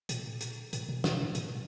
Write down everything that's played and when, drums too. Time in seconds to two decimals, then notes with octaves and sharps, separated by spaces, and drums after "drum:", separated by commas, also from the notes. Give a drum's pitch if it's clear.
0.09 A#2, drum: hi-hat
0.41 drum: hi-hat
0.73 A2, drum: hi-hat
0.89 A#2
1.04 C3, drum: snare
1.20 A#2
1.35 A2, drum: hi-hat